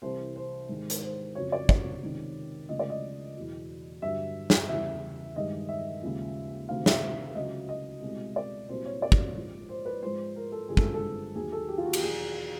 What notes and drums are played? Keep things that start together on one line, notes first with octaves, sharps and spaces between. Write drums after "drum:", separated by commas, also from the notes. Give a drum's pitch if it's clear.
C2 C3 E3 C5
C5
G#2 D#3 G#3
drum: hi-hat
C5
F2 C#3 F#3 C#5
D5
D5, drum: kick
C#2 C3 D#3
D2 C#3 F3 G#3 D#5
D5
D#5
E2 B2 F#3
G2 D3 F#3 E5
drum: snare
E2 C#3 E3 G3 E5
G2 D#3 G#3 D#5
E5
D#2 C#3 F3 G#3
D2 C3 D#3 F5
E5, drum: snare
C#2 C#3 F#3 D#5
D#5
C2 B2 G#3
D5
C2 A#2 F#3 C5
C#5
D5
drum: kick
G#2 F3 G#3
C5
B4
G#2 F3 G#3 C5
A#4
A4
G2 D3 F3 G#3 G#4
A4, drum: kick
A4
D#2 D#3 F#3 G#4
A4
G4
F4
F#4
G4, drum: cymbal
E2 B2 F#3 G#4